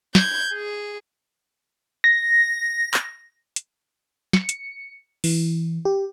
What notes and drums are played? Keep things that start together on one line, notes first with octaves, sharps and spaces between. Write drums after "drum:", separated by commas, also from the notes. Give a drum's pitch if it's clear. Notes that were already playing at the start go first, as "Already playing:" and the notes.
G6 G#6, drum: snare
G#4
A#6
drum: clap
drum: hi-hat
C#7, drum: snare
drum: hi-hat
E3, drum: open hi-hat
G4